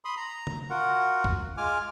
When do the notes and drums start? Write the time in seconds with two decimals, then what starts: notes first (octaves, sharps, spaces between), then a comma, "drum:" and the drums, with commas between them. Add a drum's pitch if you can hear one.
0.05 B5 C6 D#6
0.17 A#5
0.47 drum: tom C#3
0.70 F4 F#4 A#4 F#5
1.24 drum: kick
1.57 G#3 F4 G#5 D6 F6